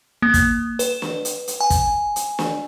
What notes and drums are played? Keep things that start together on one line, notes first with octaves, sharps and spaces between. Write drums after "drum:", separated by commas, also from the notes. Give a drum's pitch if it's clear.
A#3
drum: kick, hi-hat
B4, drum: hi-hat
drum: snare
drum: hi-hat
drum: hi-hat
G#5
drum: kick, hi-hat
drum: hi-hat
drum: snare